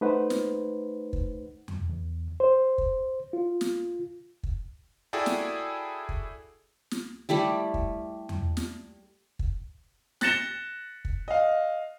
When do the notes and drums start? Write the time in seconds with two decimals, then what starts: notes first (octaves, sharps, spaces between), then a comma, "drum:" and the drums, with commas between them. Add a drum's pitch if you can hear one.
0.01 A3 D#4 B4 C5 F#5
0.30 drum: snare
1.13 drum: kick
1.68 drum: tom E2
1.90 E2
2.40 C5
2.78 drum: kick
3.33 F4
3.61 drum: snare
4.43 drum: kick
5.13 E4 F#4 G#4 A4 D5 G5
5.26 drum: snare
6.09 drum: kick
6.91 drum: snare
7.29 G3 A3 E4 G4
7.74 drum: kick
8.29 drum: tom E2
8.57 drum: snare
9.39 drum: kick
10.21 F#6 A6 A#6 C#7 E7 G7, drum: snare
11.05 drum: kick
11.28 D#5 F5